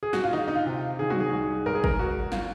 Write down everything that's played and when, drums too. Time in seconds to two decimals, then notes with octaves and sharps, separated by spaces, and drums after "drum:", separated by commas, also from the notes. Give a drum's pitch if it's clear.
0.03 G#4
0.13 F#4, drum: snare
0.24 F4
0.33 D#3 D#4
0.48 D#4
0.55 F4
0.66 C3
0.99 D#3 G#4
1.10 F#4, drum: tom F#3
1.20 G#4
1.33 C2
1.66 G#1 A#4
1.75 G#4
1.84 A#4, drum: kick
1.99 G#1 F#4
2.32 F4, drum: snare